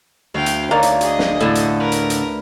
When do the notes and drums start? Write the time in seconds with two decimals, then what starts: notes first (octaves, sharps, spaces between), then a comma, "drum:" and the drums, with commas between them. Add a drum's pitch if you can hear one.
0.34 D2 F5 G5
0.46 drum: hi-hat
0.71 D2 A#3 D#4 C#5 D5
0.83 drum: hi-hat
1.01 G#4 D#5, drum: hi-hat
1.19 drum: snare
1.41 A2 D3 A3
1.55 drum: hi-hat
1.80 A#4 B4 F6
1.92 drum: hi-hat
2.10 drum: hi-hat